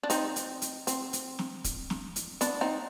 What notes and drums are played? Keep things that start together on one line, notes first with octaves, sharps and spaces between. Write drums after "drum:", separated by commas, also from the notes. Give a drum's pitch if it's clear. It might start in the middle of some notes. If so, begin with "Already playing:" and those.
D4
C4 D#4, drum: hi-hat
drum: hi-hat
drum: hi-hat
C4, drum: hi-hat
drum: hi-hat
drum: snare
drum: kick, hi-hat
drum: snare
drum: hi-hat
B3 D4, drum: hi-hat
C4 D#4